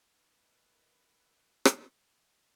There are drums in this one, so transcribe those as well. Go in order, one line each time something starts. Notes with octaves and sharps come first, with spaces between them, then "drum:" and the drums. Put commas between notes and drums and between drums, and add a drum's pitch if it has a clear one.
D#3 E4 B4
drum: rim click